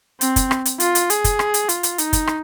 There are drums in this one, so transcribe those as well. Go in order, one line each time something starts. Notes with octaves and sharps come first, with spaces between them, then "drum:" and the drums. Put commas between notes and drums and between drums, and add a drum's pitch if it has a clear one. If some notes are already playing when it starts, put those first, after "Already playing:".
C4, drum: hi-hat
drum: kick, hi-hat
drum: rim click
drum: hi-hat
F4, drum: hi-hat
drum: hi-hat
G#4, drum: hi-hat
drum: kick, hi-hat
drum: rim click
drum: hi-hat
F4, drum: hi-hat
drum: hi-hat
D#4, drum: hi-hat
drum: kick, hi-hat
drum: rim click